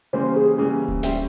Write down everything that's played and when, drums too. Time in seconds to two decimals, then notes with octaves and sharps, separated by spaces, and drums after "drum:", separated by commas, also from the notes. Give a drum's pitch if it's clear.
0.13 C#3 E3 G3 A#3 C#4 C5
0.36 G#4
0.58 C#3 E3 G3 A#3 C#4
0.88 drum: kick D1
1.03 G3 C#4 G4 C5 E5, drum: snare